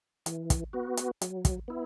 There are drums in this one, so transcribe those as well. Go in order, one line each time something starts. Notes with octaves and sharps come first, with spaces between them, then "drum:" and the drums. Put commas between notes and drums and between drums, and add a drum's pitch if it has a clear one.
E3, drum: hi-hat
drum: kick, hi-hat
B3 F#4
drum: hi-hat
F#3, drum: hi-hat
drum: kick, hi-hat
B3 E4